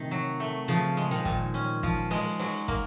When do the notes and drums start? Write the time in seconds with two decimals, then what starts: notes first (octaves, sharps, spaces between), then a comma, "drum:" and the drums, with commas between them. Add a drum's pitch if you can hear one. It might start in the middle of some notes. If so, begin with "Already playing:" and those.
Already playing: C3 D#3 A3
0.11 F#3
0.40 A3
0.68 C#3 F3, drum: hi-hat
0.97 G#3, drum: hi-hat
1.11 D#3
1.25 A#2, drum: kick, hi-hat
1.54 C#4, drum: hi-hat
1.83 F3, drum: kick, hi-hat
2.11 G#3, drum: open hi-hat
2.39 F#3, drum: open hi-hat
2.68 A#3, drum: kick, hi-hat